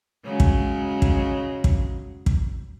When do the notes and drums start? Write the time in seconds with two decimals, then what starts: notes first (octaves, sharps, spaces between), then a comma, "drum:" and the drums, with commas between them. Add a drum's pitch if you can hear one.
0.24 C#3 F#3 G#3
0.40 drum: kick
1.02 drum: kick
1.64 drum: kick
2.26 drum: kick